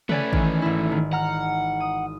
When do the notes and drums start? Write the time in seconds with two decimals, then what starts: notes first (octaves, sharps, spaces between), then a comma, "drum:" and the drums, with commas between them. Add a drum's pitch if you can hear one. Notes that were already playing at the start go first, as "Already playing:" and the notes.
0.09 A3 C#4 B4 D5 G#5, drum: tom
0.33 D#3 E3, drum: kick A1
0.62 G#1 E4
0.92 D#3
1.13 F#5 A#5 F6
1.80 D#6